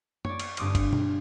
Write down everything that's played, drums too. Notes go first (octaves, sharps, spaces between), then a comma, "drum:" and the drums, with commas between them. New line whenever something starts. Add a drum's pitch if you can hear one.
C#5 D5, drum: tom F#2
drum: cymbal
G1 G2 C4 D6 D#6, drum: cymbal
drum: kick, cymbal
drum: tom B2